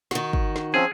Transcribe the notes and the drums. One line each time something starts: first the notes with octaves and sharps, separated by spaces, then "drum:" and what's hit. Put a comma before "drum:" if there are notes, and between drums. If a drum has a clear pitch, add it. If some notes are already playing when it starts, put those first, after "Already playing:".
D#3 F#4, drum: snare
drum: kick
drum: snare
F3 C4 C#4 G#4